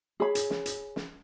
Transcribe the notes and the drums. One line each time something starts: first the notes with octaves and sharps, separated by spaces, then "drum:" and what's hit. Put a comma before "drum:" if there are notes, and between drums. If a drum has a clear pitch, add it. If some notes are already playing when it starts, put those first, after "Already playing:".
G#4 C#5 B5
drum: hi-hat
drum: snare
drum: hi-hat
drum: snare